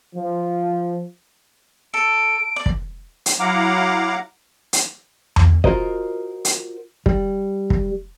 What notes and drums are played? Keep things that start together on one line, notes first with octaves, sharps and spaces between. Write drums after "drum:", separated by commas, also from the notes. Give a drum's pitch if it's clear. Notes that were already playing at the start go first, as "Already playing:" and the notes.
F3
A4 D7
D5
drum: kick
drum: hi-hat
F#3 E4 F5 F#5 A#5 D6
drum: hi-hat
drum: tom E2
F4 F#4 A#4 C5 D#5, drum: kick
drum: hi-hat
G3, drum: kick
drum: kick